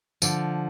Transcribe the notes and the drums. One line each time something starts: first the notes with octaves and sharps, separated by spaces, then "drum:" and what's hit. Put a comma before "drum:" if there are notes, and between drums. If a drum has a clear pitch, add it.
D3 F3, drum: tambourine